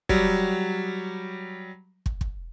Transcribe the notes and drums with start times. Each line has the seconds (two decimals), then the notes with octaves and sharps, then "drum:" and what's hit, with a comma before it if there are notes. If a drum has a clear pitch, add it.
0.09 F#3 G3, drum: kick
2.06 drum: kick
2.21 drum: kick